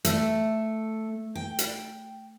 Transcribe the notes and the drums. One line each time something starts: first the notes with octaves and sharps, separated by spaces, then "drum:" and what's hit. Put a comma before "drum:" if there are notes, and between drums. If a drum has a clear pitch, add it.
A3, drum: hi-hat
G5
drum: hi-hat